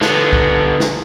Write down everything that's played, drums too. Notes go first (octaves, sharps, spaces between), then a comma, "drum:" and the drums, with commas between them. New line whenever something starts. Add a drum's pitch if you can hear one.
D3 B3, drum: snare
drum: kick
drum: snare